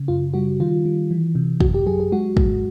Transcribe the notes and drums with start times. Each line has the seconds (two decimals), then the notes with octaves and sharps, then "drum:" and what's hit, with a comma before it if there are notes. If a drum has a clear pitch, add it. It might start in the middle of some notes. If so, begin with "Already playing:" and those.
Already playing: C#3
0.08 F#2 F4
0.34 G3 F#4
0.60 D#3 F4
0.85 G3
1.11 E3
1.35 C3
1.60 F#2 F#4, drum: kick
1.74 G4
1.86 F#3 G#4
2.00 G#4
2.12 G#3 F#4
2.37 G#2, drum: kick